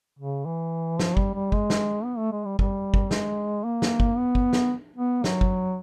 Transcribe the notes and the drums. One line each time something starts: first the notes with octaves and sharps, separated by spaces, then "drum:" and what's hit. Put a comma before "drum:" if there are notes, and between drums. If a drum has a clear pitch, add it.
C#3
E3
F3, drum: snare
G3, drum: kick G1
G3
G#3, drum: kick G1
drum: snare
B3
A3
G#3
G3
G3, drum: kick G1
drum: kick G1
G#3, drum: snare
A#3
drum: snare
drum: kick G1
B3
drum: kick G1
drum: snare
B3
F#3, drum: snare
drum: kick G1